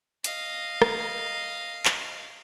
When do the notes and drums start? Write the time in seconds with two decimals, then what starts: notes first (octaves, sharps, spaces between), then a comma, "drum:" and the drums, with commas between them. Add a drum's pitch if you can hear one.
0.24 D#5 F5, drum: hi-hat
0.82 drum: rim click
1.85 drum: clap